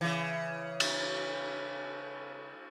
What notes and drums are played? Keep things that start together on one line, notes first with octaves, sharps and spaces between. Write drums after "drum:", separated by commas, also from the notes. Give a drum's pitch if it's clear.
C#3 E3
drum: cymbal